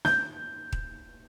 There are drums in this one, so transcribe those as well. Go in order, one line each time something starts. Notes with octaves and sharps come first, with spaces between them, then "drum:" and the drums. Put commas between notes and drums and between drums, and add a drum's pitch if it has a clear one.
G6, drum: snare
drum: kick D#1